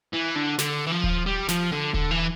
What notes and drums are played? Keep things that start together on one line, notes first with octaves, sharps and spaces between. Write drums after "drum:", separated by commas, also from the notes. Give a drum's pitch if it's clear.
E3
D3
D3, drum: snare
E3
F3
drum: kick D#1
G3
F3, drum: snare
D3
D3, drum: kick D#1
E3